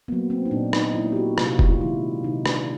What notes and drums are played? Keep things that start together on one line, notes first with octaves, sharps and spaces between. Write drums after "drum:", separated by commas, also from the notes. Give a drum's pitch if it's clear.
F#3 A#3 B3
C4
D#4
A#2 D4
D#4, drum: rim click
F#3 A#3 E4
G4
F#4
C3 F4, drum: rim click
drum: kick F1
F4
D#3 G#3 E4
C3 D#4
D4, drum: rim click